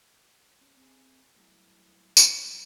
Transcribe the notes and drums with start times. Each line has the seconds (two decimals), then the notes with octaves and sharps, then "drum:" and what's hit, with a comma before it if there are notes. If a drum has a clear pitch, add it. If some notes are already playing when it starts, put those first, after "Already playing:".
0.61 C#4
0.77 C4 G#4
1.36 A2 F#3 G3 B3 E4 A4
2.17 drum: tambourine
2.45 E3 F#3 G3